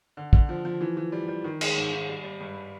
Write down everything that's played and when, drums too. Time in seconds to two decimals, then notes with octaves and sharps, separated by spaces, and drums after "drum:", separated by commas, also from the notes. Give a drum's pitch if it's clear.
0.17 D3
0.33 D3, drum: kick
0.49 F3
0.65 F3
0.81 E3
0.97 E3
1.12 G3
1.28 G3
1.44 D#3
1.61 G#3, drum: cymbal
1.76 G#2
1.92 D#3
2.08 G3
2.24 G3
2.40 G2